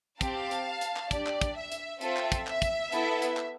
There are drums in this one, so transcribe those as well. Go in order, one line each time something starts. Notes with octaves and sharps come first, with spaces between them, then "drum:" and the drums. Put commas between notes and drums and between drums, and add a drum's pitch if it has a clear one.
C4 G4 F5 A5, drum: kick, hi-hat
drum: hi-hat
drum: hi-hat
drum: clap
D4 G4 D5, drum: kick, hi-hat
drum: clap
drum: kick, hi-hat
E5
drum: hi-hat
C4 F4 A4 E5, drum: hi-hat
drum: clap
drum: kick, hi-hat
E5, drum: clap
drum: kick, hi-hat
B3 E4 A4, drum: hi-hat
drum: hi-hat
drum: clap